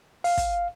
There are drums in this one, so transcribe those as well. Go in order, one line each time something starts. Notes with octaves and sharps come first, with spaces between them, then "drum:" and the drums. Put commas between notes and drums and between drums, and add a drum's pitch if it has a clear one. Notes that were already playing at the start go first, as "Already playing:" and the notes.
F5, drum: open hi-hat
drum: kick, hi-hat